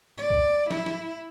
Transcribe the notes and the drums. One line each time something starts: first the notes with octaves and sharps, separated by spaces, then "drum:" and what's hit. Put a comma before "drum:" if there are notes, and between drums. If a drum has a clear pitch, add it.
D5
drum: kick
E4, drum: snare
drum: snare